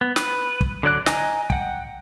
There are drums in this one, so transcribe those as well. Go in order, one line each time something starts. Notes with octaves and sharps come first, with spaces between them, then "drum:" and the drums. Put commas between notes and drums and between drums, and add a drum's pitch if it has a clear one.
B3
B4, drum: snare
drum: kick
D3 F#3 D5 F#6
D#5 G#5 A#5, drum: snare
F#5 G5, drum: kick